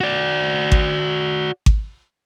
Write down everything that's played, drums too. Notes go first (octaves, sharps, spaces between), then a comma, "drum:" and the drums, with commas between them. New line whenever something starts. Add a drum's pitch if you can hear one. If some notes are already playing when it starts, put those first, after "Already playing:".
F#4 D5
drum: kick G#1
drum: kick G#1